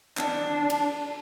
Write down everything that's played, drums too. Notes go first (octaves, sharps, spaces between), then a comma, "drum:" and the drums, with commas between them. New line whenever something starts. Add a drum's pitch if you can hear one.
D4, drum: clap
drum: cymbal